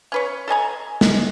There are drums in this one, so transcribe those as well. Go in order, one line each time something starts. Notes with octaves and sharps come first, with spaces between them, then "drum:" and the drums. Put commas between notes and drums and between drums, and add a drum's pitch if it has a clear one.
C#4 B4 C#5
A4 D#5 G#5 A#5
drum: snare